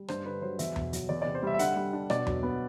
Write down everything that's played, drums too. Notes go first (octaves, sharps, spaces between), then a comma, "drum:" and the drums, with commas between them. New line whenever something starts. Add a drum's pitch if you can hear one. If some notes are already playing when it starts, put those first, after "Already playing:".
Already playing: G3
G2 C5, drum: rim click
D3 B4
F#3 C5
E2 E5, drum: hi-hat
B2, drum: tom E2
F#3, drum: hi-hat
E2 D5
C3 D5
C5
G3 E5
E5
D3 F#5, drum: hi-hat
G3
D4
B2 D5, drum: rim click
F#3, drum: tom E2
B3